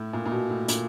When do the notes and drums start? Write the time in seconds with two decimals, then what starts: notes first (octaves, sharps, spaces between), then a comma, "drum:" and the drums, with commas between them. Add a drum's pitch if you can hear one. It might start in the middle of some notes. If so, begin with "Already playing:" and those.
Already playing: A2
0.13 A#2
0.25 A#2
0.31 B2
0.50 A2
0.68 A#2, drum: hi-hat